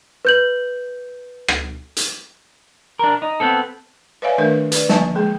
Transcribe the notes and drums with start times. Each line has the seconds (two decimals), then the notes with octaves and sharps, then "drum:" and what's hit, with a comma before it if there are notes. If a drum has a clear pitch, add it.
0.25 B4 G6 F#7
1.48 drum: rim click
1.97 drum: hi-hat
2.99 D4 A#4
3.22 D#4
3.40 B3 C4 A4
4.22 B4 C#5 D5 E5 F5 G#5
4.38 D#3 A3 D4 A#4 B4 E5
4.72 B4 D5, drum: hi-hat
4.89 D3 F3 A#3 E5 G#5 A5, drum: snare
5.15 G#3 G#4